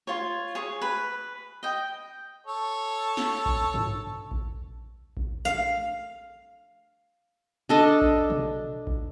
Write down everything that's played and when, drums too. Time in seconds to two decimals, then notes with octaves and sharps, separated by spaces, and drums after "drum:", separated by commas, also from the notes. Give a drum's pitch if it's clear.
0.07 F4 C#5
0.55 G#4 C#5
0.81 B4
1.63 D#5 G5
2.47 A4 C#5
3.17 drum: snare
3.46 drum: kick A#1
3.74 drum: tom G2
4.31 drum: kick A#1
5.17 drum: kick A#1
5.45 F5
7.69 D4 A4 D#5
8.02 drum: kick A#1
8.30 drum: tom B2
8.87 drum: kick A#1